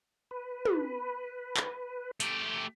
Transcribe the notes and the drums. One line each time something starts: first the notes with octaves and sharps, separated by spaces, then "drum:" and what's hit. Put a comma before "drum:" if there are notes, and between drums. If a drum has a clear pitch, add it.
B4
drum: tom
drum: clap
A3 G4, drum: hi-hat